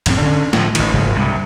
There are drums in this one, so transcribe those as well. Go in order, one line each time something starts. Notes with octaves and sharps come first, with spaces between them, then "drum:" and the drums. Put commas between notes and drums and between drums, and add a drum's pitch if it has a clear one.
A1 F#2 A2 C4, drum: cymbal
D3 C#4
A2 F3, drum: snare
A1 D#3, drum: cymbal
F#1 G#2 C#3 F3
C2 G2 C3